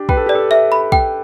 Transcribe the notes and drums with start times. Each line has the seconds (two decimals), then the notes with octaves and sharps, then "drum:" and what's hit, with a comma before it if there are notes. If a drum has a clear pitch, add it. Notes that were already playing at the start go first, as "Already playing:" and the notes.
Already playing: D4 G4
0.09 B4 G5, drum: kick
0.17 A4
0.26 G4 D5
0.35 A4
0.51 E5
0.72 B5
0.92 G5, drum: kick